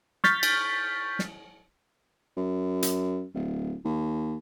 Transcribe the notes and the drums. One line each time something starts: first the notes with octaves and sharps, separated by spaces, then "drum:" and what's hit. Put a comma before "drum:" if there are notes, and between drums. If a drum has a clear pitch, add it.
C#6 F6 G6 A6 B6, drum: snare
drum: cymbal
drum: snare
F#2
drum: hi-hat
D1
D#2